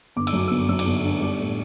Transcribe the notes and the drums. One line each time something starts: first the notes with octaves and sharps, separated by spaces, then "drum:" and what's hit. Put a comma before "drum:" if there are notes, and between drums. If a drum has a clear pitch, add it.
G1 D6
E6, drum: cymbal
F#2 D6
G1 E6
D6
F#2 E6
D6, drum: cymbal
G1
D3
G3 D6
A2